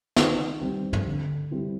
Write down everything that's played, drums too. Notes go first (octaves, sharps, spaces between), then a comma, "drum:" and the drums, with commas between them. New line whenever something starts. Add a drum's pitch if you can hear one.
D#3, drum: snare
G3 C4
drum: tom
D3
G3 C4 E4